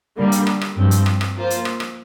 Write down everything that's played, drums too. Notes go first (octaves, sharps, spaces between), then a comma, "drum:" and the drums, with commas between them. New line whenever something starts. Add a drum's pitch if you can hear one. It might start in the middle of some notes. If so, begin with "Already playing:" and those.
D3 G3 A#3
drum: hi-hat
drum: rim click
drum: rim click
G2 F3 C4
drum: hi-hat
drum: rim click
drum: rim click
F3 A#3 F4 C5
drum: hi-hat
drum: rim click
drum: rim click